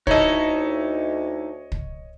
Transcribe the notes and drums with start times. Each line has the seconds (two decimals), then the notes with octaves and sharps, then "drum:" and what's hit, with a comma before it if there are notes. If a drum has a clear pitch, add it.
0.07 D2 D#4 E4 A4 C#5 D#5, drum: kick
1.72 drum: kick